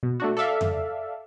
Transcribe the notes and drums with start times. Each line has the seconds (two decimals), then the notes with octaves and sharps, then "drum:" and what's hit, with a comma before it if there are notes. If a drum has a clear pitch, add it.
0.03 B2
0.20 A3 D4 F#4
0.37 A4 D5 E5 F5
0.61 drum: tom F2